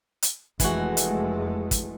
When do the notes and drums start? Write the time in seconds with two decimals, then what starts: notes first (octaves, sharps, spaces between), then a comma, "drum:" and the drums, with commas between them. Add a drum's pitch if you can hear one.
0.22 drum: hi-hat
0.60 F1 E3 G#3 A3 F#4, drum: kick, hi-hat
0.97 drum: hi-hat
1.71 drum: kick, hi-hat